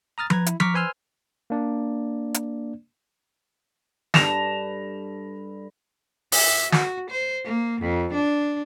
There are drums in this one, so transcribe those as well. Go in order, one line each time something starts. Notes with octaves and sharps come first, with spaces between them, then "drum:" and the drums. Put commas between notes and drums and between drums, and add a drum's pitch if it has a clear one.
A#5 D#6 F6 A6
B4 A#5 G#6, drum: tom F3
E4, drum: hi-hat
A#5 C#6 D6 F6 B6, drum: tom F3
B4 C5 G#5 C6 E6 F6
A#3 D4 D5
drum: hi-hat
G2 A4 B4 A#6 E7 F7, drum: snare
E5, drum: open hi-hat
F#4, drum: snare
C5
A#3
F2
D4